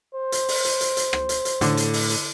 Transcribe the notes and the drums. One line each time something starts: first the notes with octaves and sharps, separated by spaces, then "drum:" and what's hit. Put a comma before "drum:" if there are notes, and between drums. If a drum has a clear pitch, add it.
C5
drum: hi-hat
drum: open hi-hat
drum: hi-hat
drum: hi-hat
drum: hi-hat
drum: rim click
drum: hi-hat
drum: hi-hat
A2 D3, drum: hi-hat
drum: hi-hat
drum: open hi-hat
drum: hi-hat